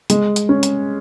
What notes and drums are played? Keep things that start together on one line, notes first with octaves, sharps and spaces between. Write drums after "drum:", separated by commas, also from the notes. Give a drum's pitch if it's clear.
G#3, drum: hi-hat
drum: hi-hat
C#4
drum: hi-hat